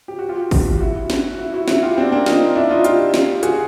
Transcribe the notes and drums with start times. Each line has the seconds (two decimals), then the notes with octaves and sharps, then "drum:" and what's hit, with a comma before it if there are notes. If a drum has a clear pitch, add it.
0.08 G4
0.19 F#4
0.29 F4 G4
0.51 drum: kick, open hi-hat
0.80 E4 F#4
1.10 drum: snare
1.38 E4 F#4
1.53 E4 F#4
1.68 E4 F#4, drum: snare
1.82 F4 G4
1.98 C4 D4
2.12 A#3 C4
2.26 D#4 F4, drum: snare
2.55 D4 E4
2.69 D#4 F4
2.84 F4 G4, drum: hi-hat
3.14 drum: snare
3.43 F#4 G#4, drum: hi-hat